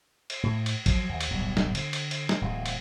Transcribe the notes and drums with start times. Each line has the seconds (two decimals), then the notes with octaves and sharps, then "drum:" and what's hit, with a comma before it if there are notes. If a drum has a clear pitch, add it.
0.30 drum: cymbal
0.43 A2
0.66 drum: cymbal
0.86 F3 F#3, drum: kick A1, cymbal
1.09 D#2
1.21 drum: cymbal
1.30 D1 B1 G#2 G3
1.57 drum: snare
1.75 D3, drum: cymbal
1.93 drum: cymbal
2.11 drum: cymbal
2.29 drum: snare
2.41 D1 E2 F#3 G#3
2.66 drum: cymbal